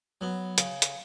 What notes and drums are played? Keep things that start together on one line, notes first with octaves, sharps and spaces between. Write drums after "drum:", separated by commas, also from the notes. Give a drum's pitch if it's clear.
F#3 B3
C#3, drum: hi-hat
drum: hi-hat